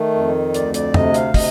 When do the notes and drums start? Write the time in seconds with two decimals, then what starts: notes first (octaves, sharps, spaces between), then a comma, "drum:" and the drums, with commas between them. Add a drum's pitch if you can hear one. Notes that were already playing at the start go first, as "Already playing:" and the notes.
Already playing: D#3 A3
0.15 F2
0.54 D2 D5, drum: hi-hat
0.74 D5, drum: hi-hat
0.94 C3 D#5, drum: tom
1.14 F5, drum: hi-hat
1.34 C3 D#5, drum: kick, open hi-hat